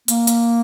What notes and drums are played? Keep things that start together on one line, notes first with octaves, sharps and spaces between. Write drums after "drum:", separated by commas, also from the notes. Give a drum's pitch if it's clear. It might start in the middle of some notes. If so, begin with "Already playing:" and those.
A#3, drum: hi-hat
drum: hi-hat